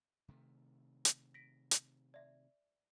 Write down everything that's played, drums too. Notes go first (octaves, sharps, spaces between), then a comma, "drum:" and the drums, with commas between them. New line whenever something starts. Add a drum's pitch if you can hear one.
C3 D#3 A3
drum: hi-hat
A#6 B6 D7
drum: hi-hat
D5 E5